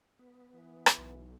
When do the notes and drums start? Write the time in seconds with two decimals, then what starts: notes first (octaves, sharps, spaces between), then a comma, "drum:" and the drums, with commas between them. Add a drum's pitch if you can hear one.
0.19 B3
0.55 E3
0.86 drum: rim click
0.98 B1